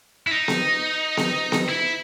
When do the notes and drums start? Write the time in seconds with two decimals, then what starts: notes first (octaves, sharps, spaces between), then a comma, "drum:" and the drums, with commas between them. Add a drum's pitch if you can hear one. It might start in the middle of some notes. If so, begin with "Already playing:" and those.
0.27 E4
0.31 D#4
0.48 drum: snare B3
1.17 drum: snare B3
1.52 drum: snare B3
1.69 E4